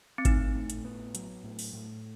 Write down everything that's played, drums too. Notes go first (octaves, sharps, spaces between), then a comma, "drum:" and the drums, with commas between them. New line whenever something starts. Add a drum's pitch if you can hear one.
C4
A2 D#4, drum: kick G#1, hi-hat
A2
drum: hi-hat
B3
F#3, drum: hi-hat
A2
drum: open hi-hat
A2